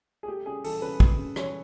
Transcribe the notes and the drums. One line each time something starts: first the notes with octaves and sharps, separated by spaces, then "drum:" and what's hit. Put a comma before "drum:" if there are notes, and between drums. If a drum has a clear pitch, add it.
G#4
A3 G4
C#3 G#4
E3 A4, drum: open hi-hat
C#3 B4
A3, drum: kick
C#3
E3 C#5, drum: rim click